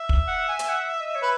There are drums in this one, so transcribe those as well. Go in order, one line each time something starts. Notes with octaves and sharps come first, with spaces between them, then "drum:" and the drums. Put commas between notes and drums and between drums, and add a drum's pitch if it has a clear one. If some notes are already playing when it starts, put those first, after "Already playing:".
Already playing: E5
drum: kick
F#5
G#5
drum: hi-hat
F#5
D#5
C#5
B4